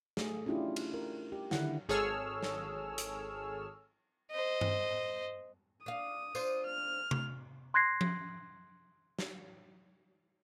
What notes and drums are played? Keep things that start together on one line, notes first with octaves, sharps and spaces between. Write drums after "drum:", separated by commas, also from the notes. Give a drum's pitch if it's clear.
A3 G#4, drum: snare
C#4 D4 E4 F4 G4
drum: cymbal
A#4
G4
D3 D#3 E4 F#5, drum: snare
G#1 G#4 A4 C#5 E6 F6
drum: snare
drum: hi-hat
C5 D#5
drum: tom G2
D4 F5 D#6
D4 F4 C5, drum: tambourine
F6
drum: tom C3
C6 F#6 G#6 A#6 C7
drum: tom F3
drum: snare